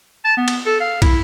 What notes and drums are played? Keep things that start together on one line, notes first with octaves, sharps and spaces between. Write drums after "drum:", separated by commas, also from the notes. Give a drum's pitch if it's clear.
A5
B3
drum: cymbal
A4
F5
E4, drum: kick, cymbal